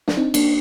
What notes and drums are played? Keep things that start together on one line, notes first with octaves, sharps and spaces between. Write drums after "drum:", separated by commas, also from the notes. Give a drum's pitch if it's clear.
D4, drum: snare
C4 D#4
A#3 D4, drum: cymbal